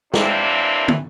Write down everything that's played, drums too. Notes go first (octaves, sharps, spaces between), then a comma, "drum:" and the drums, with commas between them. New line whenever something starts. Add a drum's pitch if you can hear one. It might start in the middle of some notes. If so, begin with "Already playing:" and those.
D#2 C3 E3 A#3 C4 D4, drum: snare
drum: tom